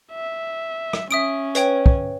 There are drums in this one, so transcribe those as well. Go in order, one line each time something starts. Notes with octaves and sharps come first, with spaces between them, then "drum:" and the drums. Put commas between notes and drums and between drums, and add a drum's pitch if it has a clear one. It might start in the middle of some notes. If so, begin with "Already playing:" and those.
E5
drum: rim click
C#4 E5 D#6 D7
B4 C#5 G5, drum: hi-hat
drum: kick